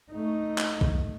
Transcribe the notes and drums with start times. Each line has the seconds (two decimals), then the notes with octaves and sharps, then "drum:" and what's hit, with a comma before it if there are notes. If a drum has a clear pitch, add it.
0.12 A3 D#4
0.58 drum: clap
0.81 drum: kick